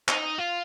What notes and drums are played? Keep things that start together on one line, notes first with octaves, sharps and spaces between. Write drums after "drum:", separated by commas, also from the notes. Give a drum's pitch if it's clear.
D#4, drum: clap
F4